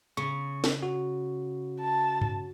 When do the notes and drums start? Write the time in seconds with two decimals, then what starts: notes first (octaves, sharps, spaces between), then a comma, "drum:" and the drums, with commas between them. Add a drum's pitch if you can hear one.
0.17 C#3 C#6
0.64 drum: snare
0.83 F#4
1.81 A5
2.21 drum: tom G2